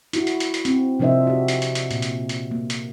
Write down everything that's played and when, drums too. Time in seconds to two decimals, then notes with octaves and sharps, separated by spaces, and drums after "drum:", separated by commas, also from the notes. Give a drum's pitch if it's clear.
0.13 E4 F#4, drum: hi-hat
0.27 drum: hi-hat
0.40 drum: hi-hat
0.54 drum: hi-hat
0.65 C4, drum: hi-hat
0.99 C3 F3 D4 C5 D#5 E5
1.27 F#4 G4
1.48 drum: hi-hat
1.62 drum: hi-hat
1.75 drum: hi-hat
1.91 A#2, drum: hi-hat
2.02 drum: hi-hat
2.29 drum: hi-hat
2.51 A#3
2.70 drum: hi-hat